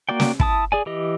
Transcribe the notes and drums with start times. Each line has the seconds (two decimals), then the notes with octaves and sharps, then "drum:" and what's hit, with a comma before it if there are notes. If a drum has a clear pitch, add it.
0.09 A#3 F#4 D5 G5
0.20 drum: snare
0.40 E4 A5 D#6, drum: kick
0.72 G#4 D5 G#5
0.86 E3 G4 D#5